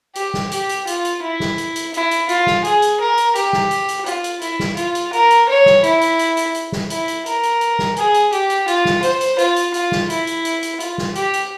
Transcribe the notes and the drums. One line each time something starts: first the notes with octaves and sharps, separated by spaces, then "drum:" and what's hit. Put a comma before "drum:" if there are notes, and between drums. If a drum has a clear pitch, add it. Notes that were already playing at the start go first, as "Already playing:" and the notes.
G4, drum: hi-hat
drum: snare
G4, drum: hi-hat
drum: hi-hat
F4, drum: hi-hat
drum: hi-hat
E4
drum: snare
drum: hi-hat
drum: hi-hat
E4, drum: hi-hat
drum: hi-hat
F4, drum: hi-hat
drum: snare
G#4, drum: hi-hat
drum: hi-hat
A#4
drum: hi-hat
G4, drum: hi-hat
drum: snare
drum: hi-hat
drum: hi-hat
F4, drum: hi-hat
drum: hi-hat
E4, drum: hi-hat
drum: snare
F4, drum: hi-hat
drum: hi-hat
A#4, drum: hi-hat
drum: hi-hat
C#5
drum: snare
E4, drum: hi-hat
drum: hi-hat
drum: hi-hat
drum: hi-hat
drum: hi-hat
drum: snare
E4, drum: hi-hat
drum: hi-hat
A#4, drum: hi-hat
drum: hi-hat
drum: hi-hat
drum: snare
G#4, drum: hi-hat
drum: hi-hat
G4, drum: hi-hat
drum: hi-hat
F4, drum: hi-hat
drum: snare
C5, drum: hi-hat
drum: hi-hat
F4, drum: hi-hat
drum: hi-hat
F4, drum: hi-hat
drum: snare
E4, drum: hi-hat
drum: hi-hat
drum: hi-hat
drum: hi-hat
F4, drum: hi-hat
drum: snare
G4, drum: hi-hat
drum: hi-hat